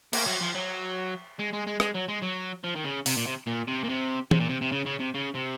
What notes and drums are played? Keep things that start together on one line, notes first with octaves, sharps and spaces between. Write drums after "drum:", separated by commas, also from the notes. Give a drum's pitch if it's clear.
A#3, drum: cymbal
F#3
F3
F#3
G#3
G#3
G#3
G#3, drum: rim click
F#3
G#3
F#3
F3
D#3
C#3
C3, drum: open hi-hat
A#2
C3
A#2
C3
A#2
C3
C3, drum: tom E3
A#2
C3
C3
C#3
C#3
C3
C#3
C3